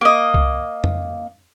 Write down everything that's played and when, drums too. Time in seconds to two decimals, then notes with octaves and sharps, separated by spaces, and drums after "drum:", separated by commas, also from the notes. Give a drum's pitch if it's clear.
0.01 A#3 D#5
0.34 drum: kick C2
0.84 drum: tom F2